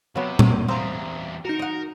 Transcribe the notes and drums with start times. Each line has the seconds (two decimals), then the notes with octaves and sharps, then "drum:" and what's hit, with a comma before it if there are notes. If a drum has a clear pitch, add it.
0.16 C3 F#3 B3
0.39 drum: tom
0.68 E2 G3 C4 F5 A#5 D#6
1.45 D#4 F#4 A#4
1.59 D#5 F#5